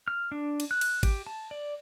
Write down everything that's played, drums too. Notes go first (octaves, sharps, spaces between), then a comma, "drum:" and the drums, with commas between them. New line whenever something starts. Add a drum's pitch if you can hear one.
F6
D4
drum: cymbal
F#6
drum: cymbal
G4, drum: kick G#1, cymbal
A5
D5